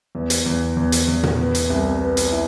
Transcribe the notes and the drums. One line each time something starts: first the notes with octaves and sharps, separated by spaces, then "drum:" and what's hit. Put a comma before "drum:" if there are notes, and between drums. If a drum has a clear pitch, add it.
E2
drum: hi-hat
E2
E2
drum: hi-hat
E2
drum: tom A#2
B3
drum: hi-hat
C2
B3
drum: hi-hat
E4